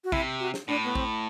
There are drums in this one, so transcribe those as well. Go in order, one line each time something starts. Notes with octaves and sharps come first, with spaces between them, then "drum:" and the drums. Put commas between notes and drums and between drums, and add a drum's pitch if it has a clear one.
F#4
C3 E4, drum: kick A#1
F#4
drum: snare
A2 D4
B3
C4, drum: kick A#1